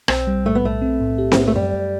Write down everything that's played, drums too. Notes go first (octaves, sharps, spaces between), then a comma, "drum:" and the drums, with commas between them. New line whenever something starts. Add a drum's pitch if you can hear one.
B1 C4, drum: rim click
G3
A2 A3
B3
B1 A3
C4
A2
G4
C4, drum: snare C4
A2 B3
A3
F#2 G3
F#2